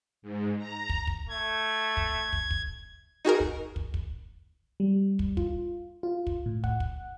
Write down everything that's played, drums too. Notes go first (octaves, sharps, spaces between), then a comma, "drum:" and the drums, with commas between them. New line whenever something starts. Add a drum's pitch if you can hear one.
G#2
A#5
drum: kick
drum: kick
A3 G#6
drum: kick
drum: kick
drum: kick
D#4 F#4 G#4 A#4
drum: kick
drum: kick
drum: kick
G3
drum: kick
F4, drum: kick
F4
drum: kick
A2
F#5, drum: kick
drum: kick